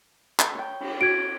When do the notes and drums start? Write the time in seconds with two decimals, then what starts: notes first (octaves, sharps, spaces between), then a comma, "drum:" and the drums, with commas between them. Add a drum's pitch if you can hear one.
0.39 drum: clap
0.55 C#5 G5
0.80 drum: cymbal
1.01 F#4 G#6 D7